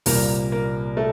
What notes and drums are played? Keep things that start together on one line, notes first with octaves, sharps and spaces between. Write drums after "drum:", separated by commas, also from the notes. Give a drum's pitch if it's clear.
C2 A#2 G3 A#3, drum: open hi-hat
A#3
A3